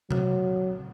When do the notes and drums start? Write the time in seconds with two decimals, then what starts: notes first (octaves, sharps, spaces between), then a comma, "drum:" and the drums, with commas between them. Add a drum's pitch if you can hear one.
0.11 F#3, drum: tom C3